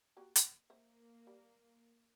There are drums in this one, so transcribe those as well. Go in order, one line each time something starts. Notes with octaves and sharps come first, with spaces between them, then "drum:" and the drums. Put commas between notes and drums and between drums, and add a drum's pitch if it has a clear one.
A#3 F#4 G4
drum: hi-hat
A#3 C5 E5
G3